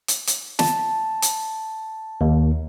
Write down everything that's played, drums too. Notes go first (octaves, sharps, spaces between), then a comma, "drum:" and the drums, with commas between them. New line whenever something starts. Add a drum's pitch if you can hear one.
drum: hi-hat
drum: hi-hat
A5, drum: snare
drum: hi-hat
D#2